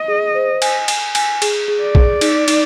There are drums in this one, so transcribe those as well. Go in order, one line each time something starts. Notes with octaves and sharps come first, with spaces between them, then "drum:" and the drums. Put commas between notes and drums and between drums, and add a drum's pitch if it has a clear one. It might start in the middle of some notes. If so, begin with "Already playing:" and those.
Already playing: D#5
G#4
C5
G#5, drum: cymbal
G#5, drum: cymbal
G#5, drum: cymbal
G#4, drum: cymbal
G#4
D5
G#4, drum: kick A#1
D#4, drum: cymbal
D#4, drum: cymbal